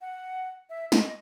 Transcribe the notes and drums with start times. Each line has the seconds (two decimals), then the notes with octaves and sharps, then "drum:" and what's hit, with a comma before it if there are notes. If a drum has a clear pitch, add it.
0.01 F#5
0.70 E5
0.92 D#5, drum: snare